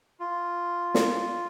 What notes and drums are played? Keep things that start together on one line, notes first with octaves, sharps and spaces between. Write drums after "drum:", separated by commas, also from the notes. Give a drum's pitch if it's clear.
F4
drum: snare